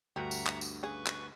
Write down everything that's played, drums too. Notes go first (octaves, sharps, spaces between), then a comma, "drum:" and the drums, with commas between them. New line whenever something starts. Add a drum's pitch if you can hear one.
D2 G2 F#4 G4 E5 F#5 A#5
drum: tambourine
drum: clap
drum: tambourine
C#3 G#4 B4 C#6
drum: clap